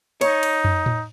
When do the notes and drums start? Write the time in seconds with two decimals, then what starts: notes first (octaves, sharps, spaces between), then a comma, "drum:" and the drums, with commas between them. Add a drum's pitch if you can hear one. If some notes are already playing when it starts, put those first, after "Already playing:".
0.21 D#4 C#5, drum: cymbal
0.43 drum: cymbal
0.64 drum: tom
0.86 drum: tom A2